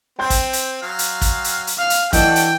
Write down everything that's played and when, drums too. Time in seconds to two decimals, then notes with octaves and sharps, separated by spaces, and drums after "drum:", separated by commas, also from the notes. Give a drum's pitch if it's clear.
0.19 C4 G5 C6 G6
0.30 drum: kick, hi-hat
0.53 drum: hi-hat
0.82 F#3 F5
0.99 drum: hi-hat
1.21 drum: kick, hi-hat
1.44 drum: hi-hat
1.67 drum: hi-hat
1.79 F5
1.90 drum: hi-hat
2.13 E3 D4 F#4 A4 D#5 G5, drum: kick, hi-hat
2.36 drum: hi-hat